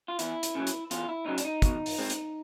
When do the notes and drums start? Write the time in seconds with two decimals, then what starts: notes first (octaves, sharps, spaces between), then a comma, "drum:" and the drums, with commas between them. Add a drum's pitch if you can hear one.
0.08 F4
0.19 E2 E4, drum: hi-hat
0.43 drum: hi-hat
0.55 C#3 F#3
0.67 drum: hi-hat
0.91 E2 F4, drum: hi-hat
1.09 E4
1.26 C#3 F#3 D#4
1.38 D4, drum: hi-hat
1.45 D#4
1.62 B2, drum: kick, hi-hat
1.86 drum: open hi-hat
1.98 G#3 C4
2.10 drum: hi-hat